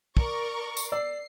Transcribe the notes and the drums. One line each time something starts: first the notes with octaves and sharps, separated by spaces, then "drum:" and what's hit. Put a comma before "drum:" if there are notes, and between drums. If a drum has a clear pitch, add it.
A#4 D5 C#6, drum: kick
drum: tambourine
D5 E6 C7